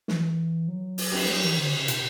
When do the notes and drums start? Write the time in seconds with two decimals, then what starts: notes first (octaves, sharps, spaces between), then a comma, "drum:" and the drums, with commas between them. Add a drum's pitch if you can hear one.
0.08 E3, drum: snare
0.68 F#3
0.98 drum: open hi-hat
1.11 drum: cymbal
1.28 F#3
1.44 E3
1.58 D3
1.73 C#3
1.88 B2, drum: hi-hat